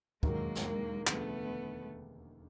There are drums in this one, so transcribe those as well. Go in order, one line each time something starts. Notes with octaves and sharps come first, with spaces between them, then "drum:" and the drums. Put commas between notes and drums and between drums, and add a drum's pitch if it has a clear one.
E1 D#2 D#3 F#3 G#3 A#3, drum: kick
drum: snare
E1 D2 C#3 F3 A3 B3, drum: clap